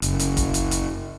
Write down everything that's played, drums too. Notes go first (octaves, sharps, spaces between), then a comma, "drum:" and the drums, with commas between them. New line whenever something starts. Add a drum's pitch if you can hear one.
F#1, drum: hi-hat
drum: hi-hat
drum: kick F1, hi-hat
drum: hi-hat
drum: hi-hat